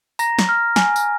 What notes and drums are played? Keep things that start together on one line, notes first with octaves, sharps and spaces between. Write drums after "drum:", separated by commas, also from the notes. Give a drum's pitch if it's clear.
A#5 A#6, drum: tambourine
drum: snare
F6
G#5, drum: snare
drum: tambourine